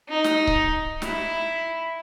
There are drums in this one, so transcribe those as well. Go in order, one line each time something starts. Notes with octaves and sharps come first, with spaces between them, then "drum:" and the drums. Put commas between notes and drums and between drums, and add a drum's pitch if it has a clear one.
D#4
drum: snare
drum: kick C#1
E4, drum: snare